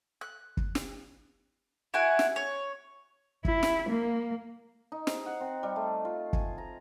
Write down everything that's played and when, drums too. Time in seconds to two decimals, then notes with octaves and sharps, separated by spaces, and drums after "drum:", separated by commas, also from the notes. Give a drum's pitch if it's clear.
0.21 F#6
0.57 drum: kick
0.75 drum: snare
1.94 E4 F#4 F#5 G#5
2.19 drum: snare
2.36 C#5
3.45 E4, drum: kick
3.63 drum: snare
3.90 A#3
4.92 D#4
5.07 C5, drum: snare
5.26 F#5
5.41 C4
5.63 G3
5.76 A3
6.05 F4
6.33 G#5, drum: kick
6.58 A#5